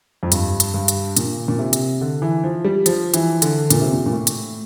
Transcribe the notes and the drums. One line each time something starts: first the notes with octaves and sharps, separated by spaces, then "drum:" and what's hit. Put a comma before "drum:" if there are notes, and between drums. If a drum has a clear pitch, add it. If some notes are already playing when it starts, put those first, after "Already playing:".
F2
G2, drum: hi-hat
drum: hi-hat
G2
drum: hi-hat
A#2, drum: hi-hat
A#2
C3
drum: hi-hat
D3
E3
F3
G3
F3, drum: hi-hat
E3, drum: hi-hat
D3, drum: hi-hat
A#2, drum: hi-hat
C3
A#2
A#2
A2
drum: hi-hat